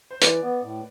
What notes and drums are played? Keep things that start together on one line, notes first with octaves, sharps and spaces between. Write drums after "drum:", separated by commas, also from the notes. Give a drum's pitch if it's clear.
C5
E3 B4 D5, drum: hi-hat
B3
A2